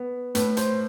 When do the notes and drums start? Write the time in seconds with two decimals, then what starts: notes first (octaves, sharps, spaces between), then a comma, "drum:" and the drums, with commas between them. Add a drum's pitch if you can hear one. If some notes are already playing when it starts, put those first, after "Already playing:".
Already playing: B3
0.35 A2 B4, drum: hi-hat
0.57 C5, drum: hi-hat